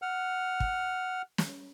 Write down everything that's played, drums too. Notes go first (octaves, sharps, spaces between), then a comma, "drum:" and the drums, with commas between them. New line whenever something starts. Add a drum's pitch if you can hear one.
F#5 F6
drum: kick
drum: snare